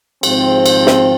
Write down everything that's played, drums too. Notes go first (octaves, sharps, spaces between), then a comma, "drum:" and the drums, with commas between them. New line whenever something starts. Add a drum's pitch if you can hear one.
G#1 G#2 F3 C4, drum: cymbal
drum: cymbal
drum: snare